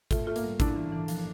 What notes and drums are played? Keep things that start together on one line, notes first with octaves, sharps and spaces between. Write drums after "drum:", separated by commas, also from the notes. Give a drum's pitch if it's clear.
A3 F4, drum: kick, hi-hat
A3 F4
A#3, drum: hi-hat
G3
D4 E4, drum: kick, hi-hat
E3
E3
F3, drum: hi-hat